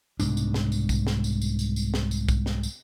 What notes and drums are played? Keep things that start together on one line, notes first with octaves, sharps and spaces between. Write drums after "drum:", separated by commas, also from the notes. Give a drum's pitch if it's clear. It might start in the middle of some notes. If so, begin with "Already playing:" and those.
C2 G#2 B2 D4, drum: tambourine
drum: tambourine
drum: snare
drum: tambourine
drum: kick, tambourine
drum: snare
drum: tambourine
drum: tambourine
drum: tambourine
drum: tambourine
drum: snare
drum: tambourine
drum: kick, tambourine
drum: snare
drum: tambourine